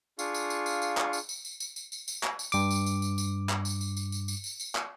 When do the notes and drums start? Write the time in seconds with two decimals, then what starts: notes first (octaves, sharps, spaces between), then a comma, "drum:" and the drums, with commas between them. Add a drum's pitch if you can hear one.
0.19 D4 F4 G#4 F5 C#6, drum: tambourine
0.34 drum: tambourine
0.50 drum: tambourine
0.66 drum: tambourine
0.82 drum: tambourine
0.97 drum: clap
1.13 drum: tambourine
1.29 drum: tambourine
1.45 drum: tambourine
1.60 drum: tambourine
1.76 drum: tambourine
1.92 drum: tambourine
2.08 drum: tambourine
2.23 drum: clap
2.39 drum: tambourine
2.52 G2 D6, drum: tambourine
2.71 drum: tambourine
2.86 drum: tambourine
3.02 drum: tambourine
3.18 drum: tambourine
3.49 drum: clap
3.65 drum: tambourine
3.81 drum: tambourine
3.97 drum: tambourine
4.12 drum: tambourine
4.28 drum: tambourine
4.44 drum: tambourine
4.60 drum: tambourine
4.75 drum: clap